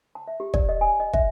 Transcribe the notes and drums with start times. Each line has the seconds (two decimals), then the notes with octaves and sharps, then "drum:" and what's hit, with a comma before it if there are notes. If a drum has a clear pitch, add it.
0.15 A5
0.28 E5
0.40 G4
0.54 D5, drum: kick
0.69 D#5
0.81 G#5
1.00 D#5
1.13 E5, drum: kick